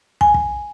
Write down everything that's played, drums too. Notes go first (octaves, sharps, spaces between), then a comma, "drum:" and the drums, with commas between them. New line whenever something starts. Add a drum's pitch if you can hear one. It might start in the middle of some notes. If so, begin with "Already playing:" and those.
G#5, drum: kick
drum: kick